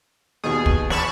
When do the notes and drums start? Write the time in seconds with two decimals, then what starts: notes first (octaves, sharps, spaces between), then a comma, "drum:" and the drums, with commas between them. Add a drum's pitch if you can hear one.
0.44 D#2 B2 G#4
0.66 drum: kick
0.90 A5 B5 C#6, drum: snare